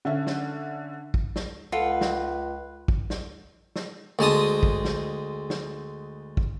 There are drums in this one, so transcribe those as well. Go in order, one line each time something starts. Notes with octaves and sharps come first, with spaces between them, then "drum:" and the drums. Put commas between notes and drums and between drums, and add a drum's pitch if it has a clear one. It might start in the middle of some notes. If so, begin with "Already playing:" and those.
D3 C#4 E5
drum: snare
drum: kick
drum: snare
C#2 F4 A4 B4 F#5
drum: snare
drum: kick
drum: snare
drum: snare
D2 G#3 A5 D#6
drum: kick
drum: snare
drum: snare
drum: kick